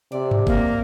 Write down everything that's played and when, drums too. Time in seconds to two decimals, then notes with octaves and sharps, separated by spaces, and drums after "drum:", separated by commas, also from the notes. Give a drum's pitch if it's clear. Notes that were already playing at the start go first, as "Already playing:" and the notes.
0.12 C3 D5
0.31 drum: tom G2
0.47 A#3, drum: kick